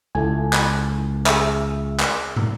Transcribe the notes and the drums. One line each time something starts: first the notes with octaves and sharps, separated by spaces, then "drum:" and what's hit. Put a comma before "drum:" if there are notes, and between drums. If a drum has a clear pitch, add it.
C#2 E4 A4 G#5
drum: clap
G#4 E5, drum: clap
drum: clap
drum: tom